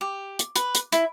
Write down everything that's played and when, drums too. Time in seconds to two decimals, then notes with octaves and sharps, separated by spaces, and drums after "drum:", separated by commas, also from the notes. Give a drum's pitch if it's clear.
0.01 G4
0.39 drum: hi-hat
0.56 B4, drum: hi-hat
0.75 drum: hi-hat
0.92 E4, drum: hi-hat